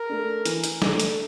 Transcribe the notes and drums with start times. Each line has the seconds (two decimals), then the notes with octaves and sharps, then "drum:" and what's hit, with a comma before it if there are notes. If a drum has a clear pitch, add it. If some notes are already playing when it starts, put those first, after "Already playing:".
Already playing: A#4
0.09 A3 D4
0.45 E3, drum: hi-hat
0.64 drum: hi-hat
0.82 A3 D4, drum: snare
1.00 drum: hi-hat